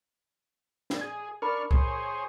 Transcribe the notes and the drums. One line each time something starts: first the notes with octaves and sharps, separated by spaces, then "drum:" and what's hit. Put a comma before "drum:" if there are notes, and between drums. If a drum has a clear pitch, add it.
drum: snare
G#4 G#6
D4 A#4 A#5 B5 C#6 F6
G#4 C5 C#5, drum: kick C2